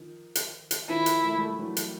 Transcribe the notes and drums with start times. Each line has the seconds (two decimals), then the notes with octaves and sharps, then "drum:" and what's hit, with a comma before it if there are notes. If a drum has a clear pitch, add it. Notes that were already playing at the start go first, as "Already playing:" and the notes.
Already playing: D#3 F3
0.35 drum: hi-hat
0.71 drum: hi-hat
0.88 D#3 F3 E4
1.06 drum: hi-hat
1.24 A3
1.32 A#3
1.38 G3 A3
1.59 E3 F#3
1.77 drum: hi-hat